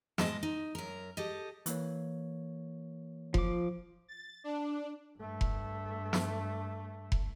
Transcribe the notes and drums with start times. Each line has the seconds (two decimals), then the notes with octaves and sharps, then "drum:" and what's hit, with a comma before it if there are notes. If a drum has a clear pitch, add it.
0.18 A2 G#3 D#5 A5, drum: snare
0.43 D#4
0.75 F#2 A#4
1.17 G4 A4 D#5
1.66 E3 A#3 C#5, drum: hi-hat
3.34 F3 D6, drum: kick F1
4.08 A6
4.44 D4
5.17 G2 A3
5.41 drum: kick F1
6.13 drum: snare
7.12 drum: kick F1